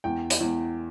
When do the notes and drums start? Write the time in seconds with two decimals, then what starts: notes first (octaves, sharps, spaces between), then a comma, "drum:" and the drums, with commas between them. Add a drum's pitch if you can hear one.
0.04 E2 G5
0.30 drum: hi-hat
0.40 E2